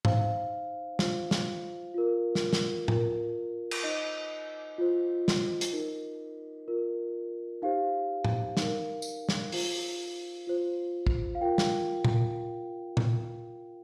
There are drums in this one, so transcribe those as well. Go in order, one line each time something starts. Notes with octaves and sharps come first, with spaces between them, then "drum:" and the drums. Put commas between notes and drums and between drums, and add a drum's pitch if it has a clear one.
D#4 C5 F5, drum: tom G#2
F4 C5, drum: snare
drum: snare
F4 A#4
drum: snare
drum: snare
F4 A#4, drum: tom A2
drum: cymbal
D#4 C5 D#5
F4 C5
drum: snare
drum: hi-hat
D#4 A#4
F4 A#4
D#4 G4 C5 F5
drum: tom A2
D#4 A#4, drum: snare
drum: tambourine
drum: snare
F4 C5, drum: open hi-hat
F4 C5
drum: kick
F5
F4 A#4 G5
drum: snare
drum: tom
drum: tom